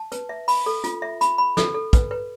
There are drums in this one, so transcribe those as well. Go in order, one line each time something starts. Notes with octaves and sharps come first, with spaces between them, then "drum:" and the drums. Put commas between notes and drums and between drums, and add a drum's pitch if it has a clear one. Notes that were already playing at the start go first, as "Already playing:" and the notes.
Already playing: A5
B4, drum: hi-hat
E5
B5, drum: open hi-hat
A4
F4, drum: hi-hat
E5
B5, drum: hi-hat
B5
A4, drum: snare
A4
B4, drum: kick, hi-hat
B4